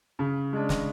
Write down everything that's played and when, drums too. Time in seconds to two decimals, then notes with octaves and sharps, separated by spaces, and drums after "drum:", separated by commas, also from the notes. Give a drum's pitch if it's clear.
0.19 C#3
0.53 G#3 D4
0.69 drum: snare